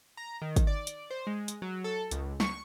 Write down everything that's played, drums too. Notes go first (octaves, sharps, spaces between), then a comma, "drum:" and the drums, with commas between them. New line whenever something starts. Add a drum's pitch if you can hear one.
A#5
D#3
drum: kick, hi-hat
D5
drum: hi-hat
C5
G#3
drum: hi-hat
F#3
A4
C#2, drum: hi-hat
C#6, drum: snare